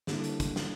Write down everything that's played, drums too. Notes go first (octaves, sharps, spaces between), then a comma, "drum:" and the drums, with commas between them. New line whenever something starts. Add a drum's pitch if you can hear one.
D3 G3 A#3 E4 A4, drum: snare
drum: hi-hat
drum: kick, hi-hat
drum: snare